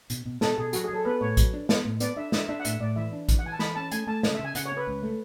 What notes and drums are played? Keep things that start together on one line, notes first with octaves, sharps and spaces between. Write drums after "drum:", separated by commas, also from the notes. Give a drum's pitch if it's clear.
B2, drum: hi-hat
B2
B2 A4, drum: snare
B2 G#4
F#3 F#4, drum: hi-hat
G#4
F#3
A4
B3 B4
A2 C#5
F#3, drum: kick, hi-hat
D4
B3, drum: snare
A2
B3 D5, drum: hi-hat
D4 E5
D4 E5, drum: snare
D4 E5
F#5
A2 E5, drum: hi-hat
A2 D5
E3 E5
D4
E3, drum: kick, hi-hat
F#5
E3 G#5
A5
E3 B5, drum: snare
C#4 A5
A3 G#5, drum: hi-hat
A3 A5
C#3, drum: snare
E5
C#3
G#5
C#3 F#5, drum: hi-hat
C#5
C#4
B4
C#2
A3